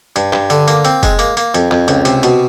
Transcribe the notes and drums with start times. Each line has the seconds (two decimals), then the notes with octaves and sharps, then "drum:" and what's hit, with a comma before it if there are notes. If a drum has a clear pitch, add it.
0.16 G2, drum: hi-hat
0.33 G2, drum: clap
0.50 D3, drum: hi-hat
0.68 A#3, drum: hi-hat
0.85 C4, drum: hi-hat
1.03 G#3, drum: kick F1, hi-hat
1.19 A#3, drum: hi-hat
1.37 A#3, drum: hi-hat
1.54 F2, drum: hi-hat
1.71 F2, drum: clap
1.88 C#2, drum: hi-hat
2.05 C3, drum: hi-hat
2.23 B2, drum: hi-hat